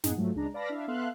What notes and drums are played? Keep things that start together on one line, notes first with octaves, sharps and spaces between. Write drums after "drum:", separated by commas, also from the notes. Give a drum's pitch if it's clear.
F#2 A2 D#4 G#4 F#5, drum: snare
G#2 F3 F#3 A3
C#2 G#3 D4 A#5
B4 D5 F5 A5 B5 A#6
D4 E4 E5 F5
B3 A4 E5 F5 C6 F#6